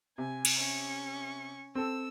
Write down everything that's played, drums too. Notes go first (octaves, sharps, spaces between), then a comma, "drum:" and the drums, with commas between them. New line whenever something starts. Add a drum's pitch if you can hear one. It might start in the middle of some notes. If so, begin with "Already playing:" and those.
C3 G#5
drum: cymbal
C#4 C#6
C4 A4 E6